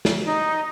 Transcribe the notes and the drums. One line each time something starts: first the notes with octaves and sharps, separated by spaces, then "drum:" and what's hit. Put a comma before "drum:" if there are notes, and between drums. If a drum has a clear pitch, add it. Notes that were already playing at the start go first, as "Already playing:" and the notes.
drum: snare
D#4